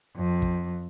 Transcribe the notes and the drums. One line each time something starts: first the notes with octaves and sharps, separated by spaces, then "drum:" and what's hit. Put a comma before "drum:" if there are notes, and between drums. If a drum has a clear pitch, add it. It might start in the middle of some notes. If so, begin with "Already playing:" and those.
F2
drum: kick